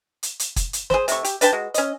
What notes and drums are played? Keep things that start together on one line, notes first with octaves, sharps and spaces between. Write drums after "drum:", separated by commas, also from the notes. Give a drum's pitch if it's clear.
drum: hi-hat
drum: hi-hat
drum: kick, hi-hat
drum: hi-hat
G#4 C5, drum: snare
C3 A3 C#6, drum: hi-hat
G4, drum: hi-hat
D4 B4 G5 A5, drum: hi-hat
G#3 F#4
C#4 D#5, drum: hi-hat